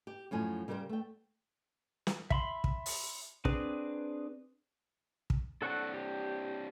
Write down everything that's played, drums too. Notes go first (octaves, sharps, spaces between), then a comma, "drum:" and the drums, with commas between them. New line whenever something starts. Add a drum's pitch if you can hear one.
G4
F#2 A2 F3 G#5
C#3 G3 G4 A#4 C5
A3 G5
drum: snare
E5 B5 C6, drum: kick
drum: kick
drum: open hi-hat
C4 D4 G#4 B4, drum: kick
drum: kick
C4 D4 A4 F#5 C#6
G4